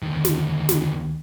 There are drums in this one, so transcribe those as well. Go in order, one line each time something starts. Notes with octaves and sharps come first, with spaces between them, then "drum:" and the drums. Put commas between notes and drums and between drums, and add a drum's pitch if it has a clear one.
D2 D#3
drum: snare
drum: snare